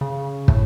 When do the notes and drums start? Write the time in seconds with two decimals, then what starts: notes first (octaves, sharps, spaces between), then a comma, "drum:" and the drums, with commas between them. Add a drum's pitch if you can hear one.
0.01 C#3
0.48 A2, drum: kick